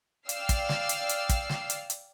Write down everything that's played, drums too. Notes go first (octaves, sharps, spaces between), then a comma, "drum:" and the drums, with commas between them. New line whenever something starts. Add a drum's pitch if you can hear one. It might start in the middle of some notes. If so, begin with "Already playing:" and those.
D5 F5 G5 E6 F6 C7, drum: hi-hat
drum: kick, hi-hat
drum: snare
drum: hi-hat
drum: hi-hat
drum: kick, hi-hat
drum: snare
drum: hi-hat
drum: hi-hat